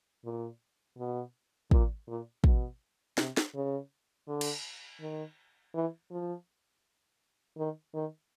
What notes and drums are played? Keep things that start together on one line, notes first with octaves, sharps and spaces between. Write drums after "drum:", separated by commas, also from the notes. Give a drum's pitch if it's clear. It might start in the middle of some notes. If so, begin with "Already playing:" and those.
A#2
B2
A#2, drum: kick
A#2
B2, drum: kick
C3, drum: snare
drum: snare
C#3
D3
drum: cymbal
D#3
E3
F3
D#3
D#3